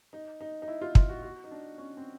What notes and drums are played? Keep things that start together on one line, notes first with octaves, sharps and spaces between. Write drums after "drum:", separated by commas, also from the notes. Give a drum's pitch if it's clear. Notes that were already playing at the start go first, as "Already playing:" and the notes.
D#4
D#4
D#4
E4
F4
F4, drum: kick
F#4
F#4
D#4
D4
C#4
C4